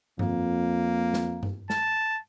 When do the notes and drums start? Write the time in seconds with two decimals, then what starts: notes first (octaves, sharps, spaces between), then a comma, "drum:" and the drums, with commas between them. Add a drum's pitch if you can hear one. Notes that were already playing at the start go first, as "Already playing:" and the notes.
0.19 F2 A#3, drum: tom G2
1.14 drum: snare
1.43 drum: tom G2
1.70 A5, drum: snare